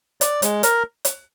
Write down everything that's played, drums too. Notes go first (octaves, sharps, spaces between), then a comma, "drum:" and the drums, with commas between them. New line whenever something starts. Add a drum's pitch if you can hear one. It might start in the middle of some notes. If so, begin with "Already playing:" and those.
D5, drum: hi-hat
G#3, drum: hi-hat
A#4, drum: hi-hat
drum: hi-hat